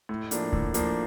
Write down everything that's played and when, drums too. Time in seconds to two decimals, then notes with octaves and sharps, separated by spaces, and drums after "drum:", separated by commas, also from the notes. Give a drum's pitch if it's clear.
0.09 A2
0.31 F3 A#3 D4, drum: hi-hat
0.53 A2, drum: kick D2
0.74 F3 A#3 D4, drum: hi-hat